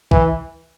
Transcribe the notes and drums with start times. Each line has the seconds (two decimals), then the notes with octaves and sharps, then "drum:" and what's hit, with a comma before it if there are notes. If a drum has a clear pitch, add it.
0.11 E3, drum: kick